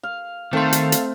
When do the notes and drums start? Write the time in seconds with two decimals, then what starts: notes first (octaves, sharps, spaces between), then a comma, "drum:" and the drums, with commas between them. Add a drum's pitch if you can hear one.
0.03 F5
0.53 D#3 A3 C4 A4 C5 F5
0.73 drum: hi-hat
0.92 drum: hi-hat